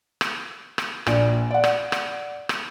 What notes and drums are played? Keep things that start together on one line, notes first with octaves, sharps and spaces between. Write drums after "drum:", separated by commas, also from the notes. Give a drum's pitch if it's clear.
drum: rim click
drum: rim click
A#1 D5, drum: rim click
D5 F#5
drum: rim click
drum: rim click
drum: rim click